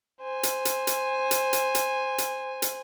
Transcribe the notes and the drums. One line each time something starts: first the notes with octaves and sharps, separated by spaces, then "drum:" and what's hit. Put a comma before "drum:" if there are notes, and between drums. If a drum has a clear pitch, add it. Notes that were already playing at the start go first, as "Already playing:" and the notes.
C5 G#5
drum: hi-hat
drum: hi-hat
drum: hi-hat
drum: hi-hat
drum: hi-hat
drum: hi-hat
drum: hi-hat
drum: hi-hat